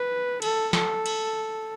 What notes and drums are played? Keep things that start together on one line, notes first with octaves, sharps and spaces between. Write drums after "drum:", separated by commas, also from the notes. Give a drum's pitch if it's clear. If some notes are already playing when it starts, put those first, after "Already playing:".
Already playing: B4
A4, drum: cymbal
A4, drum: snare
drum: cymbal